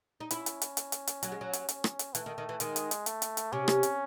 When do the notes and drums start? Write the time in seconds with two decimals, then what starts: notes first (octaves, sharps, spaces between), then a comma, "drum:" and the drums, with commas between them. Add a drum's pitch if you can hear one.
0.20 D#4
0.31 C#4 E4, drum: hi-hat
0.46 drum: hi-hat
0.62 drum: hi-hat
0.77 drum: hi-hat
0.92 drum: hi-hat
1.07 drum: hi-hat
1.23 F#3, drum: hi-hat
1.32 G#3
1.41 F#3
1.53 drum: hi-hat
1.69 C#4, drum: hi-hat
1.84 drum: rim click
1.99 drum: hi-hat
2.15 E3 A3, drum: hi-hat
2.26 D#3
2.38 D#3
2.49 E3
2.60 D#3 G#3, drum: hi-hat
2.76 drum: hi-hat
2.91 drum: hi-hat
3.06 A3, drum: hi-hat
3.22 drum: hi-hat
3.37 drum: hi-hat
3.52 C3 C#4
3.68 drum: rim click
3.83 drum: hi-hat